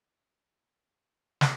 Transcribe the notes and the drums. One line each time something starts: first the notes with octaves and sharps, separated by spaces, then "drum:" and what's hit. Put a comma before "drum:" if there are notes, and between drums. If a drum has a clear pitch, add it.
D#3 A4 C#5
F#2
F#2
G#3
D#3
drum: snare